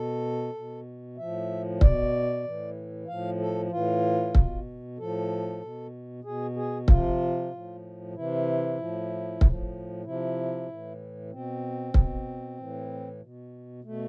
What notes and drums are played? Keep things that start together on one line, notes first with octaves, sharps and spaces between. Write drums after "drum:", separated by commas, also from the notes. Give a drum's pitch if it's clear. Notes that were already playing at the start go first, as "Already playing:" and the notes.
Already playing: B2 A4
B2
A2 F3 E5
B2 D5, drum: kick C#1
A2 E3
A2 F3 F5
A4
A2 E3 F4
B2, drum: kick C#1
A2 F3 A4
B2
B2 G#4
G#4
C3 F3 F4, drum: kick C#1
A2 F3
C3 E3 E4
A2 F3
A2 F3, drum: kick C#1
C3 F3 E4
A2 E3
B2 C4
B2, drum: kick C#1
A2 E3
B2
B2 A3